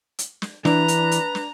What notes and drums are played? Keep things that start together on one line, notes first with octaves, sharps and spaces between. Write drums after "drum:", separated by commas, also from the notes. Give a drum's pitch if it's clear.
drum: hi-hat
drum: snare
E3 D4 B4 A#5, drum: snare
drum: hi-hat
drum: hi-hat
drum: snare